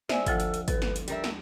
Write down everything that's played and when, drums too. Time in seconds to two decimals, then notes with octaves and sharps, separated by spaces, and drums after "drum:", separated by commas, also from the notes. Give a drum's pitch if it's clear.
0.09 B3 C5 D5 E5 G#5, drum: snare
0.26 D2 F3 F4 A4, drum: kick, hi-hat
0.40 drum: hi-hat
0.54 drum: hi-hat
0.68 A4 B4, drum: kick, hi-hat
0.82 drum: snare
0.96 drum: hi-hat
1.08 G3 D4 A#4 E5, drum: hi-hat
1.24 drum: snare